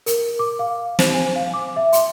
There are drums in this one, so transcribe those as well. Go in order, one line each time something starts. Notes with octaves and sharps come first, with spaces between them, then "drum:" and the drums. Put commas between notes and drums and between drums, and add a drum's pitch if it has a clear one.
A#4, drum: hi-hat
D6
F5
C5, drum: snare
G#5
F5
D6
E5
C6, drum: hi-hat